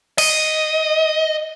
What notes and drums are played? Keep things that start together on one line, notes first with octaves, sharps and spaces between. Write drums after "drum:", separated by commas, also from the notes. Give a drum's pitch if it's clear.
D#5, drum: cymbal